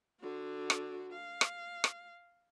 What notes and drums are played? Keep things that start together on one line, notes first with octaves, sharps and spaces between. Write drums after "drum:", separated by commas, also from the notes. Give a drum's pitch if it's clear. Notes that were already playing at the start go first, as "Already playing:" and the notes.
D3 F#4
drum: rim click
F5
drum: rim click
drum: rim click